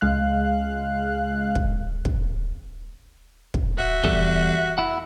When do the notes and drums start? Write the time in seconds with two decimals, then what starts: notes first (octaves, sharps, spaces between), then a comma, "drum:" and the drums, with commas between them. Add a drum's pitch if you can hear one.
0.01 C#2 G#3 F5 F#6
1.55 drum: kick
2.05 drum: kick
3.54 drum: kick
3.78 F#4 E5
4.04 E2 G3 A4, drum: kick
4.78 E4 F#5